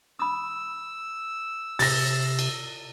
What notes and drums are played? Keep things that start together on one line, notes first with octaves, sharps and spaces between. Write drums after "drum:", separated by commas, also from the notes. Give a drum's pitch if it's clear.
B5 D#6 E6
C3 A6 A#6, drum: open hi-hat
drum: cymbal